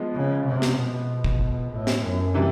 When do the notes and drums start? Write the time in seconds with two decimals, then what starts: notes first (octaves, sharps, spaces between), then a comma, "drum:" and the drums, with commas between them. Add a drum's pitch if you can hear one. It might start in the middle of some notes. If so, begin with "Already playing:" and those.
Already playing: F3 G#3 B3
0.15 C#3
0.46 C3
0.62 drum: snare
0.78 B2
1.24 drum: kick
1.71 A2
1.87 drum: snare
2.03 F#2
2.34 C3 E3 G3